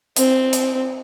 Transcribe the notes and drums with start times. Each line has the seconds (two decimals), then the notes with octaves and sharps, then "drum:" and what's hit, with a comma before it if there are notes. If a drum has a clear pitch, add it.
0.16 C4, drum: hi-hat
0.53 drum: hi-hat